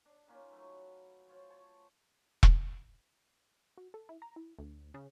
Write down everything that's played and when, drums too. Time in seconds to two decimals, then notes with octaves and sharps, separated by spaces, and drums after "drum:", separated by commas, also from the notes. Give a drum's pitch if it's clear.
0.06 D4
0.28 D#3 A#3 C#4 F4
0.51 F#3 A3 B4
1.29 F4 C5 C#5
1.50 C5 C#5 A5 C#6
2.43 drum: kick E1
3.77 F#4
3.94 A4
4.09 E4
4.22 A#5
4.36 E4
4.59 D2
4.94 C#3